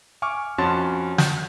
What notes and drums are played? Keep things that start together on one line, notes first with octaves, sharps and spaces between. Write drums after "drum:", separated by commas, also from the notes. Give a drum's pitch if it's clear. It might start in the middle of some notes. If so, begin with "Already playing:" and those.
G#5 C#6 D6 F6
F2 C#4 F#4 A5 C6 A6
G6, drum: snare